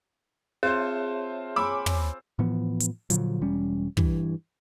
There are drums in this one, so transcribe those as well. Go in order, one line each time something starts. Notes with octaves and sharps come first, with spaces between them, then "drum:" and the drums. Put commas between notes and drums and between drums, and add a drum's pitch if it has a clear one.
C4 F4 G#4 C5 C#5 E5 A5
C#5 G#5 B5 D6 E6
drum: tom
A2 E3 F3 B3
drum: hi-hat
A#2 D3 F3 F#3, drum: hi-hat
E1 G3 C#4
G2 E3, drum: kick